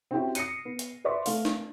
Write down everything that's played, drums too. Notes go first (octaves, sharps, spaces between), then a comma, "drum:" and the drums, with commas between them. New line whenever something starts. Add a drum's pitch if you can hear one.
C4 C#4 E4 F#4 G4 C5
D#6 A#6 C7 C#7 D#7, drum: hi-hat
B3
drum: hi-hat
B4 C5 D5 E5 C6 C#6
A3 F5, drum: open hi-hat
drum: snare D4